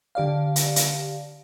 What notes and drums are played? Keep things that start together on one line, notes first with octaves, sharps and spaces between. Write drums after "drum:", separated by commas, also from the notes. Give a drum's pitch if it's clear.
D3 G4 D5 F5
drum: hi-hat
drum: hi-hat